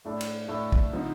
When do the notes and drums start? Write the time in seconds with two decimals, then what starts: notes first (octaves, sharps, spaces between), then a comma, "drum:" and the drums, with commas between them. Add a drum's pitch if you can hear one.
0.05 A2 A3 D4 A4
0.21 drum: cymbal
0.48 A2 A3 D4 A4
0.72 drum: kick
0.92 D3 F3 C4 D#4